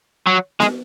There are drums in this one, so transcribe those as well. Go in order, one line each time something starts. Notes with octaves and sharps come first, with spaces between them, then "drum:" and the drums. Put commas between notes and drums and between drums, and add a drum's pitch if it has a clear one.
F#3
G#3, drum: snare B3